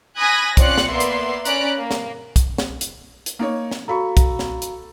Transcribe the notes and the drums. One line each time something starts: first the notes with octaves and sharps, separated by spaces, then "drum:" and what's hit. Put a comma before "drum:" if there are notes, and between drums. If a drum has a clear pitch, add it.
G#5 B5 D#6 F#6 G#6 A#6
C4 C#4 F4 D5 F#6 C#7, drum: kick, hi-hat
drum: snare
A#3 B3 D5 E5 C6
drum: hi-hat
C#4 D5 A#5 B5 F#6 D7, drum: hi-hat
A#3
drum: snare
drum: kick, hi-hat
drum: snare
drum: hi-hat
drum: hi-hat
A#3 D#4 C#5
drum: snare
F#4 A4 F5 A#5 B5 C#6
drum: kick, hi-hat
drum: snare
drum: hi-hat